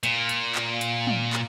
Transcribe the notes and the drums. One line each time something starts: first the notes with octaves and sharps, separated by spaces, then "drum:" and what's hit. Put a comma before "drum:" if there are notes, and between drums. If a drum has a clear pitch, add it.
A#2, drum: hi-hat
drum: hi-hat
drum: clap
drum: hi-hat
drum: tom
drum: clap